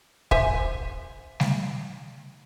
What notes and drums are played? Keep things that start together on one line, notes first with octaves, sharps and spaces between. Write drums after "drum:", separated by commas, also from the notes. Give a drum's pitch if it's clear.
C5 E5 G#5, drum: kick
drum: snare G3